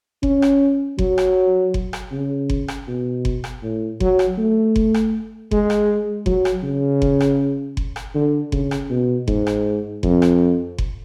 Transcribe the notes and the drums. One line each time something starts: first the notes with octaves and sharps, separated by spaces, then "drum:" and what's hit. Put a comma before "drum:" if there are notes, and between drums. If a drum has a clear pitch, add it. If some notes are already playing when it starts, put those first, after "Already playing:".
C#4, drum: kick F#1
drum: rim click
F#3, drum: kick F#1
drum: rim click
drum: kick F#1
drum: rim click
C#3
drum: kick F#1
drum: rim click
B2
drum: kick F#1
drum: rim click
A2
F#3, drum: kick F#1
drum: rim click
A3
drum: kick F#1
drum: rim click
G#3, drum: kick F#1
drum: rim click
F#3, drum: kick F#1
drum: rim click
C#3
drum: kick F#1
drum: rim click
drum: kick F#1
drum: rim click
D3
C#3, drum: kick F#1
drum: rim click
B2
G#2, drum: kick F#1
drum: rim click
F2, drum: kick F#1
drum: rim click
drum: kick F#1